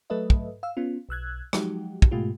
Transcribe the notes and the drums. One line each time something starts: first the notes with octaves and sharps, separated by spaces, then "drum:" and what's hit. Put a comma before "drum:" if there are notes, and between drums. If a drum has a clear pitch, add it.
F#3 A3 A4 B4 D#5 E5
drum: kick
F5 E6
B3 C#4 F4
B1 E6 F#6 G#6
F3 F#3 G#3 D#4 F#4 G4, drum: rim click
drum: kick
G#2 B2 G#3 A3 F4 G4